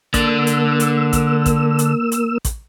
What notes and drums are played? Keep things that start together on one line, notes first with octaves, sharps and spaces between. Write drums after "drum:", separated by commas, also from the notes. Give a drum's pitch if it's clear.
D3 A#3 D5 E6, drum: kick A1, hi-hat
drum: hi-hat
drum: hi-hat
drum: kick A1, hi-hat
drum: kick A1, hi-hat
drum: hi-hat
drum: hi-hat
drum: kick A1, hi-hat